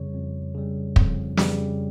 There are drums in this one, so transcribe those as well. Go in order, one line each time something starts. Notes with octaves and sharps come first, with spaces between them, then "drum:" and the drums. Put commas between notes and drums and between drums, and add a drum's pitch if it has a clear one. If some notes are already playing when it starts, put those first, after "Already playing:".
Already playing: F2 C#3 G3 C#5
F2
C#3 G3
F2, drum: kick
C#3 G3, drum: snare